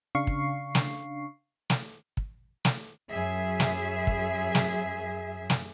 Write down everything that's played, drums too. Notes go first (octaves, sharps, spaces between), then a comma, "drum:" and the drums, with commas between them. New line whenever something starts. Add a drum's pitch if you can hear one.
C#3 D4 F5 C#6 C7
drum: kick
drum: snare
drum: snare
drum: kick
drum: snare
F#2 G#4 E5
drum: snare
drum: kick
drum: snare
drum: snare